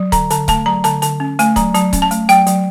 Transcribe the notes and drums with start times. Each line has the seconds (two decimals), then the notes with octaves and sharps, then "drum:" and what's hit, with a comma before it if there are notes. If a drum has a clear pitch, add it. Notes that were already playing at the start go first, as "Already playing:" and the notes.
Already playing: F#3
0.12 D3 A#5, drum: kick C#1, hi-hat
0.30 D3 A5, drum: hi-hat
0.48 A3 A5, drum: kick C#1, hi-hat
0.66 F#3 A#5
0.84 D3 A5, drum: hi-hat
1.02 D3 A5, drum: hi-hat
1.20 C#4
1.39 A3 G#5, drum: hi-hat
1.56 F#3 A#5, drum: kick C#1, hi-hat
1.74 F#3 A5, drum: hi-hat
1.93 C#4, drum: kick C#1, hi-hat
2.02 A5
2.11 A3, drum: hi-hat
2.29 F#3 G5, drum: hi-hat
2.47 F#3, drum: hi-hat